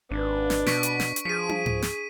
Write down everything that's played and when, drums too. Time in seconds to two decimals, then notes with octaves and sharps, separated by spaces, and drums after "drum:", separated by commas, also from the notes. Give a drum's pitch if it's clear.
0.11 G#1 D4 B4
0.50 drum: snare
0.66 B2 C#6 B6 D7, drum: snare
0.83 drum: hi-hat
1.00 drum: snare
1.16 drum: hi-hat
1.25 F3 G#4 B6 D#7
1.49 drum: tom
1.66 drum: tom G#2
1.82 drum: snare